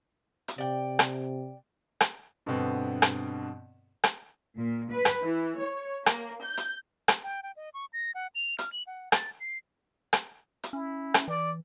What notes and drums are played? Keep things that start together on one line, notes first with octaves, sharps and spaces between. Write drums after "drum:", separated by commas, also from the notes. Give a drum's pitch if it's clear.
drum: hi-hat
C3 D5 G5
drum: rim click
drum: rim click
G2 B2 D3 B3 C4
drum: rim click
drum: rim click
A#2
B4
drum: rim click
E3
C#5
A#3, drum: rim click
G6
drum: hi-hat
drum: rim click
G5
G5
D#5
C#6
A#6
F#5
F7
F6, drum: hi-hat
F#7
F#5
A6, drum: rim click
C7
drum: rim click
drum: hi-hat
C#4 E4
drum: rim click
E3 D5